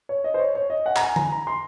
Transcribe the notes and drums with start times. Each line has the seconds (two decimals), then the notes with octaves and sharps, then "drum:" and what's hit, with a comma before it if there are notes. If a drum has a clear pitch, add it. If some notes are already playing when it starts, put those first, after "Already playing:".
0.09 C#5
0.24 D#5
0.34 C5
0.40 C#5
0.55 C#5
0.70 D#5
0.86 F#5
0.96 A#5, drum: clap
1.01 G#5
1.16 A#5, drum: tom D3
1.32 A#5
1.47 C6